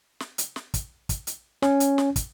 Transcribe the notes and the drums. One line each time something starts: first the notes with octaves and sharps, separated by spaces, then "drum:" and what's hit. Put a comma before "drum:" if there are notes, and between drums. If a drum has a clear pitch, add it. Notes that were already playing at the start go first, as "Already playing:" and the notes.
drum: snare
drum: hi-hat
drum: snare
drum: kick, hi-hat
drum: kick, hi-hat
drum: hi-hat
C#4, drum: snare
drum: hi-hat
drum: snare
drum: kick, hi-hat